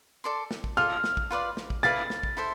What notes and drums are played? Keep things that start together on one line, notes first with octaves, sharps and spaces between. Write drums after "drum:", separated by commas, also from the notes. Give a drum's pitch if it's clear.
A4 D5 A5 C6
drum: snare
drum: kick
F4 A4 D5 F6
drum: snare
drum: kick
F4 B4 D5 F5
drum: snare
drum: kick
E4 B4 D5 F5 A6
drum: snare
drum: kick
E4 A4 C5 E5